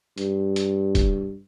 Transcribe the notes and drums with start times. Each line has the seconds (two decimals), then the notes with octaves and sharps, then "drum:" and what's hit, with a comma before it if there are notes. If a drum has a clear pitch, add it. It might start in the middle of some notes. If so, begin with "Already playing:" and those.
0.18 G2, drum: hi-hat
0.56 drum: hi-hat
0.95 drum: kick, hi-hat